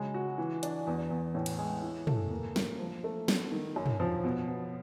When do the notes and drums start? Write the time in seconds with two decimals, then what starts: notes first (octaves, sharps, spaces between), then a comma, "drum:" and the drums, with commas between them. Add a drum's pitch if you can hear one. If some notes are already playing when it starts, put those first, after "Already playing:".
Already playing: C#3 F#3 G#3
0.14 F#4
0.38 E3
0.63 D4, drum: hi-hat
0.87 E2
1.11 E2
1.35 A2
1.46 drum: cymbal
1.58 G#3
1.83 E3
2.07 A3, drum: tom
2.31 A#3
2.56 A#3, drum: snare
2.79 F3
3.04 A3
3.28 B3, drum: snare
3.52 D#3
3.76 F#2
3.86 drum: tom
4.00 F3
4.24 B2
4.48 B2